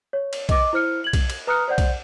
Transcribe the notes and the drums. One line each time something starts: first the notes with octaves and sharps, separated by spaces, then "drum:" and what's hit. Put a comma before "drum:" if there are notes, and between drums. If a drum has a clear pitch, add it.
C#5
drum: cymbal
D#5 D6, drum: kick B1, cymbal
E4 C5 F6 C#7
G#6 F#7
drum: kick B1, cymbal
drum: cymbal
B4 A#5 D#6 F6 F#6 C#7
C5 D5 F#5 G6
drum: kick B1, cymbal